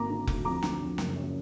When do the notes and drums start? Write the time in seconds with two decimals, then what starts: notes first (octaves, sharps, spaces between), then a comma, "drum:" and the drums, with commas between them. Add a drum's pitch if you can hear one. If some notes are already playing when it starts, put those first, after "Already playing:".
Already playing: G#1 A#3 A#5 D6
0.10 D3
0.27 D2, drum: kick F1
0.45 F2 A#5 D6
0.63 D3, drum: snare
0.81 F2
0.98 F#1, drum: snare
1.16 F#2